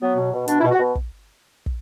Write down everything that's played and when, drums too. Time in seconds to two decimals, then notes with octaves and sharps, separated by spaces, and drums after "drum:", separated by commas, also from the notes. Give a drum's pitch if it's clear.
0.01 F#3 B3
0.17 B2
0.33 B2
0.48 B2 D4, drum: hi-hat
0.60 E4
0.64 B2
0.72 F#4
0.80 B2
0.95 drum: kick
1.66 drum: kick